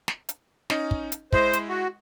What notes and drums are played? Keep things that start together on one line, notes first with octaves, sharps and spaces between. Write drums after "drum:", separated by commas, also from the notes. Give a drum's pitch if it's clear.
drum: snare
drum: hi-hat
C#4 D#4 D#5, drum: snare
drum: kick
drum: hi-hat
G#3 E4 C5 D#5, drum: kick
drum: hi-hat
F#4